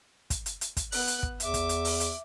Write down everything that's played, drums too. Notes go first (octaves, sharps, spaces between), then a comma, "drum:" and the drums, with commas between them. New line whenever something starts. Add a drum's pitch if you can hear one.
drum: kick, hi-hat
drum: hi-hat
drum: hi-hat
drum: kick, hi-hat
B3 F#6, drum: open hi-hat
drum: hi-hat
drum: kick
E2 E5 D6, drum: hi-hat
drum: kick, hi-hat
drum: hi-hat
drum: open hi-hat
drum: hi-hat